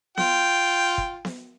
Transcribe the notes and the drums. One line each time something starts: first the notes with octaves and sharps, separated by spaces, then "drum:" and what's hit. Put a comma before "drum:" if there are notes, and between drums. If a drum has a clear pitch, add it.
F4 G5, drum: snare B3
drum: kick
drum: snare B3